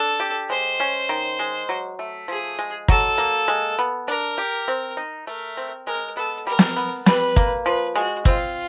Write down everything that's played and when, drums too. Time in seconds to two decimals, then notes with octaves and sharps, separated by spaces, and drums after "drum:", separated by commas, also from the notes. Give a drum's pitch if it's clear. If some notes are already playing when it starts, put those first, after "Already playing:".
Already playing: D4 A4
0.20 G4
0.50 G#3 C5
0.80 C#4
1.09 D#3
1.39 G#3
1.69 F#3
1.99 A3
2.28 F3 G#4
2.59 G#3
2.88 F#3 A4, drum: kick
3.18 A#3
3.48 G#3
3.79 B3
4.08 D4 A#4
4.38 G4
4.68 C4
4.97 D#4
5.27 A3 A#4
5.57 C4
5.87 G#3 A#4
6.17 B3 A4
6.47 G3 A#4
6.59 drum: snare
6.77 B3
7.06 G3 B4, drum: snare
7.36 A#3, drum: kick
7.66 F3 B4
7.96 G#3 F#4
8.25 C4 F4, drum: kick